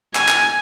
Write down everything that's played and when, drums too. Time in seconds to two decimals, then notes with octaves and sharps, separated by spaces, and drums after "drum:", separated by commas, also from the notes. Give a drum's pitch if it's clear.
0.15 G#5, drum: clap
0.28 drum: clap